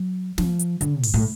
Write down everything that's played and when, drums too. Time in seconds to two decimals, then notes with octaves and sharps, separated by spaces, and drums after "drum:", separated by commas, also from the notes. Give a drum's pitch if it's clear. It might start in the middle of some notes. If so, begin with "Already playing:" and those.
Already playing: F#3
0.38 F3, drum: snare
0.59 drum: hi-hat
0.81 D3, drum: hi-hat
1.03 G#2, drum: open hi-hat
1.14 A2